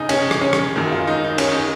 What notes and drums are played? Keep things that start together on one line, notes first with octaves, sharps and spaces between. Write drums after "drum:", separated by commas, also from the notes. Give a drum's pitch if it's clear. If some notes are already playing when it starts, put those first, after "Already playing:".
Already playing: F1 C#3 D#4 G#4
C#4, drum: cymbal
drum: rim click
C#4
drum: rim click
F#2 D#3 G#3
F4
D#4
D#4
C#4, drum: cymbal
D#4